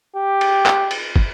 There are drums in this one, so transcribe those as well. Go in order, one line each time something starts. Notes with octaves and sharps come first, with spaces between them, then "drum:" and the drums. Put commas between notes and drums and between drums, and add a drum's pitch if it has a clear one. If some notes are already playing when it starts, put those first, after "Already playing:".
G4
drum: cymbal
drum: clap
drum: cymbal
drum: kick